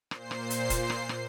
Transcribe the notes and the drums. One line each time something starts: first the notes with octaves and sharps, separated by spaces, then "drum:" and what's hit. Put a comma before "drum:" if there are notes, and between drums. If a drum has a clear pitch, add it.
A#2 C5 C7, drum: rim click
drum: rim click
drum: hi-hat
drum: kick, hi-hat
drum: rim click
drum: rim click